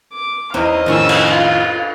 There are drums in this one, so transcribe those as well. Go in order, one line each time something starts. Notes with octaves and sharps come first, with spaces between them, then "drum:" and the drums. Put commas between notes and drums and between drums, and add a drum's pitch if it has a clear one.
D6
E2 C4 C#4 D#4 E4 B4 D#5 F5
F2 A2 D#3 C#4 D4 F4 G#4 E6
drum: cymbal
F4 B4